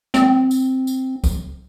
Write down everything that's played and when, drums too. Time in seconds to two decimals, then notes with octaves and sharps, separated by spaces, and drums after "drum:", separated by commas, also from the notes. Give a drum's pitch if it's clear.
0.14 C4, drum: snare
0.51 drum: tambourine
0.87 drum: tambourine
1.24 drum: kick, tambourine